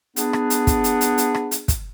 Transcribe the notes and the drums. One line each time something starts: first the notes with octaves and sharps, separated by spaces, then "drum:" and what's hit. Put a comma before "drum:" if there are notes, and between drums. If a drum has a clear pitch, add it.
B3 D4 G#4, drum: hi-hat
drum: rim click
drum: hi-hat
drum: kick, hi-hat
drum: hi-hat
drum: hi-hat
drum: hi-hat
drum: rim click
drum: hi-hat
drum: kick, hi-hat